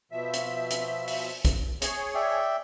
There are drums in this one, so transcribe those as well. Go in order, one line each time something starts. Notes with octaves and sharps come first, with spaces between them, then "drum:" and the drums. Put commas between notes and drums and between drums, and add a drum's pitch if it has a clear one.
B2 F3 E5
drum: hi-hat
drum: hi-hat
drum: open hi-hat
drum: kick, hi-hat
G#4 C#5, drum: hi-hat
D5 E5 G5